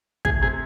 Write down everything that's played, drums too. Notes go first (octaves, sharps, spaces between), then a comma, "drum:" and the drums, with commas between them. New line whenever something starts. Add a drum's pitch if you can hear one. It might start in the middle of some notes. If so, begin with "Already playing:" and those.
A3 G#4, drum: kick
C3 G#4